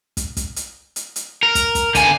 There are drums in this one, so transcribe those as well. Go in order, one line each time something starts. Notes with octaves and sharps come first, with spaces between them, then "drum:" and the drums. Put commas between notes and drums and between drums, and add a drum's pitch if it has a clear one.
drum: kick, hi-hat
drum: kick, hi-hat
drum: hi-hat
drum: hi-hat
drum: hi-hat
A#4
drum: kick, hi-hat
drum: kick, hi-hat
D3 G#5, drum: kick, hi-hat